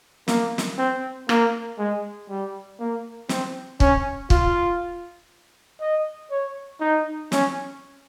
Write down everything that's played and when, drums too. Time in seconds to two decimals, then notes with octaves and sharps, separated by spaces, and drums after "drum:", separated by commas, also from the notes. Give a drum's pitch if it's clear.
0.28 A#3, drum: snare
0.58 drum: snare
0.78 C4
1.29 A#3, drum: rim click
1.78 G#3
2.29 G3
2.80 A#3
3.29 C4, drum: snare
3.80 C#4, drum: kick
4.30 F4, drum: kick
5.81 D#5
6.31 C#5
6.80 D#4
7.32 C#4, drum: snare